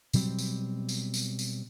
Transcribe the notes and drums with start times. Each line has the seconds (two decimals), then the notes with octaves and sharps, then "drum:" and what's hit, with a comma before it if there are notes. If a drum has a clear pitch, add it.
0.13 B2 F#3 G3 C4, drum: tambourine
0.38 drum: tambourine
0.89 drum: tambourine
1.14 drum: tambourine
1.39 drum: tambourine